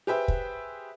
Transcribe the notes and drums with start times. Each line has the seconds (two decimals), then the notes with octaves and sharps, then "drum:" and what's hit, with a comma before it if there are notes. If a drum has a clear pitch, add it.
0.07 G4 G#4 B4 C5 E5 G5
0.28 drum: kick